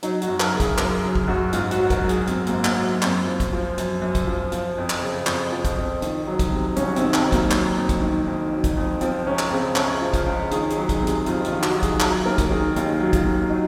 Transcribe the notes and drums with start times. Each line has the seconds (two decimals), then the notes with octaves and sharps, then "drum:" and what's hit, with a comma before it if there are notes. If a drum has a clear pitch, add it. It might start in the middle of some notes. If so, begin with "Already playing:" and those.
0.03 F#3 D#4, drum: hi-hat
0.22 F#4, drum: hi-hat
0.28 F#2
0.40 A#4, drum: clap
0.54 C#3
0.60 G#4, drum: kick, hi-hat
0.78 F#2 A#4, drum: clap
1.03 F#3
1.15 drum: kick
1.28 F#2 F#4
1.53 G#2 F4, drum: hi-hat
1.71 F#4, drum: hi-hat
1.78 F#3
1.90 A#4, drum: kick, hi-hat
2.02 F#3
2.09 G#4, drum: hi-hat
2.27 G#2 C4, drum: hi-hat
2.47 A#3, drum: hi-hat
2.53 G#2
2.65 A#3, drum: clap
2.78 F#3
3.02 F#2 C4, drum: clap
3.27 F3
3.40 drum: kick, hi-hat
3.53 F3
3.78 F#2, drum: hi-hat
4.02 F#2
4.15 drum: kick, hi-hat
4.27 F3
4.52 F3, drum: hi-hat
4.78 F2
4.90 drum: clap
5.02 C#3
5.27 F2, drum: clap
5.52 F3
5.65 drum: kick, hi-hat
5.78 F2
6.02 D#3, drum: hi-hat
6.27 F#3
6.39 drum: kick, hi-hat
6.52 C3
6.76 C2 C#4, drum: hi-hat
6.96 C4, drum: hi-hat
7.01 D#3
7.14 C4, drum: clap
7.26 F#3
7.32 A#3, drum: kick, hi-hat
7.51 F#3, drum: clap
7.77 F2
7.89 drum: kick, hi-hat
8.02 D#3
8.27 F2
8.52 F#3
8.64 drum: kick, hi-hat
8.77 F2
9.01 F3 C4, drum: hi-hat
9.26 C#2 C#4
9.39 drum: clap
9.51 C#3 C4
9.76 C#2 C#4, drum: clap
10.02 F3
10.14 F4, drum: kick, hi-hat
10.26 C#2
10.51 D#3 G#4, drum: hi-hat
10.70 G#4, drum: hi-hat
10.77 F#3
10.89 G#4, drum: kick, hi-hat
11.01 C3
11.07 G#4, drum: hi-hat
11.26 F2 F4, drum: hi-hat
11.45 F4, drum: hi-hat
11.50 D#3
11.63 F#4, drum: clap
11.76 F#3
11.83 G#4, drum: kick, hi-hat
12.00 F#3 G#4, drum: clap
12.26 D#2 A#4
12.38 drum: kick, hi-hat
12.50 D#3 G#4
12.76 D#2 D#4, drum: hi-hat
13.01 F#3
13.13 F4, drum: kick, hi-hat
13.25 D#2
13.50 F#3 D#4